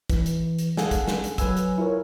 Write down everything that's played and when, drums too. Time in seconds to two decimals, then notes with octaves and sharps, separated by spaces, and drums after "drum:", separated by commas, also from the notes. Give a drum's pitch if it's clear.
0.10 E3, drum: kick, hi-hat
0.26 drum: hi-hat
0.59 drum: hi-hat
0.77 C#4 G#4 A4 F5 F#5 G#5, drum: snare
0.91 drum: kick, hi-hat
1.08 drum: snare
1.24 drum: hi-hat
1.38 F#3 B4 G#5 E6, drum: kick, hi-hat
1.57 drum: hi-hat
1.78 E4 F4 A#4 C#5